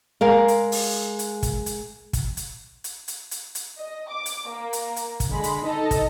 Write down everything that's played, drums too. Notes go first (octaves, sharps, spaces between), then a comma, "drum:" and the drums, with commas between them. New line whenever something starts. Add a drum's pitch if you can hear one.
G#3 A#4 F5
drum: hi-hat
drum: open hi-hat
drum: hi-hat
drum: kick, hi-hat
drum: hi-hat
drum: kick, hi-hat
drum: hi-hat
drum: hi-hat
drum: hi-hat
drum: hi-hat
drum: hi-hat
D#5
D6
drum: hi-hat
A#3
drum: hi-hat
drum: hi-hat
drum: kick, hi-hat
D3 G#3 B5
drum: hi-hat
D#4 A4 D#5
drum: kick, hi-hat